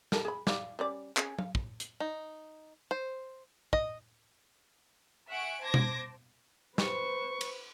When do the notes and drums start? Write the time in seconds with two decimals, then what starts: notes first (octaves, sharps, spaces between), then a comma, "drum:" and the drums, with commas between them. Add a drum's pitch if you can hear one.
0.12 A4 A#4, drum: snare
0.25 G#4 B5
0.47 D5 F5, drum: snare
0.79 G3 C#4 D5
1.17 C#4 G#4 G#5, drum: clap
1.39 F5, drum: tom F#3
1.55 drum: kick
1.80 drum: hi-hat
2.00 D#4
2.91 C5
3.73 D#5, drum: kick
5.30 E5 F#5 G#5 C#6 D7
5.63 C5 A5 D6 G#6 A#6
5.74 drum: tom B2
6.78 B4 C5 C#6, drum: snare
7.41 drum: cymbal